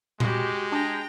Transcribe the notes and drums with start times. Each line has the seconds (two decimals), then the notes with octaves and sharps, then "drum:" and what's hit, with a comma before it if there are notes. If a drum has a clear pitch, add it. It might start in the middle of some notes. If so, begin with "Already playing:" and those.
0.20 G#3 F#4 G4, drum: tom A#2
0.72 D4 G5 A5 A#5 D6